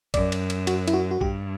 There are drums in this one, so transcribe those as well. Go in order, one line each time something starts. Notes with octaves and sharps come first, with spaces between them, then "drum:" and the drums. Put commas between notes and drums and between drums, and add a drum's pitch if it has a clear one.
F#2 D5, drum: kick A#1, cymbal
drum: cymbal
drum: cymbal
F#4, drum: cymbal
E4, drum: cymbal
F#4
F#4
G2 G4, drum: kick A#1